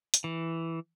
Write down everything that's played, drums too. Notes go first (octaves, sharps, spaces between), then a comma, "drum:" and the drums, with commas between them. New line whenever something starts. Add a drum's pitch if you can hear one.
drum: hi-hat
E3